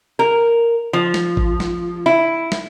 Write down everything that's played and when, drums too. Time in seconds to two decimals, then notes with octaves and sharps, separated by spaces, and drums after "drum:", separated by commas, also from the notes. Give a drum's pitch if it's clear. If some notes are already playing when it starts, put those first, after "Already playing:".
0.19 A#4
0.93 F3
1.14 drum: snare
1.37 drum: kick G#1
1.60 drum: snare
2.06 E4
2.52 drum: snare